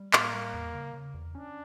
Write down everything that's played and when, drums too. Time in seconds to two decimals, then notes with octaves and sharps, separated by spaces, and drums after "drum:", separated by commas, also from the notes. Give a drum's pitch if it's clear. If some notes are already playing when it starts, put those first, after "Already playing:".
Already playing: G3
0.13 A2 A#3, drum: clap
0.34 G3
0.54 E2
0.74 C#3
0.94 C#3
1.14 E2
1.34 C#4 D4